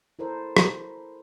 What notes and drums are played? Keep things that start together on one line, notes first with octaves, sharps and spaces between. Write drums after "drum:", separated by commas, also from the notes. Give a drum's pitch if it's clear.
E4 A4 A#4 C5
drum: rim click